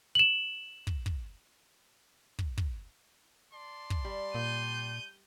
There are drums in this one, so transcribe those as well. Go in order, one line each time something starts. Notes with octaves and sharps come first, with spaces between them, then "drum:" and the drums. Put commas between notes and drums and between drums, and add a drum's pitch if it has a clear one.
E7 F#7
drum: kick
drum: kick
drum: kick
drum: kick
D5 A5 C6
drum: kick
G3
A#2 G6 D#7